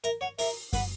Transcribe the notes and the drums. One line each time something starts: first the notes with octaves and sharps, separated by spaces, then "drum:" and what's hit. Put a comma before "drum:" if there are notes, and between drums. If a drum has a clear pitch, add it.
A#4 E5, drum: hi-hat
C#5 F#5
A#4 E5, drum: open hi-hat
B4 F#5, drum: kick F#2, open hi-hat